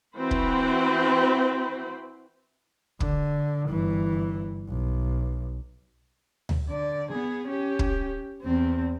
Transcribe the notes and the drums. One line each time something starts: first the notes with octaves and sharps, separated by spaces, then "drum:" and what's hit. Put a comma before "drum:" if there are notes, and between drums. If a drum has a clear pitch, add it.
E3 C4 F#4 C5 B5
drum: kick
D3, drum: kick
G1 E3
B1
drum: tom D2
D3 D5
B3 G#4
C#4 G4
drum: kick
E2 C4